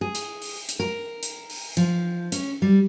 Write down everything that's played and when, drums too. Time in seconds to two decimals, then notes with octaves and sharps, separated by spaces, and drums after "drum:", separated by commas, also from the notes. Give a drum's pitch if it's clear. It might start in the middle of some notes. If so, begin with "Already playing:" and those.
0.01 G#4
0.15 drum: hi-hat
0.42 drum: open hi-hat
0.69 drum: hi-hat
0.80 A#4
1.23 drum: hi-hat
1.50 drum: open hi-hat
1.77 F3, drum: hi-hat
2.32 C#4, drum: hi-hat
2.62 G3